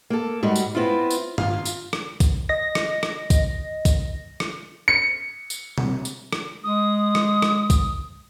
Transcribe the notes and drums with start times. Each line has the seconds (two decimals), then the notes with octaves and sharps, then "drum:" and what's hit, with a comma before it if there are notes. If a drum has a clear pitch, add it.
0.10 A#3 A4
0.43 G#2 G3 F#4
0.56 drum: tambourine
0.75 B3 C4 E4 F4
1.10 drum: tambourine
1.38 F4 F5, drum: tom G2
1.65 drum: tambourine
1.93 drum: rim click
2.20 drum: kick B1, tambourine
2.49 D#5 A#6
2.75 drum: rim click
3.03 drum: rim click
3.30 drum: kick B1, tambourine
3.85 drum: kick B1, tambourine
4.40 drum: rim click
4.88 C#7
5.50 drum: tambourine
5.78 drum: tom
6.05 drum: tambourine
6.33 drum: rim click
6.64 G#3 D#6
7.15 drum: rim click
7.42 drum: rim click
7.70 drum: kick B1, tambourine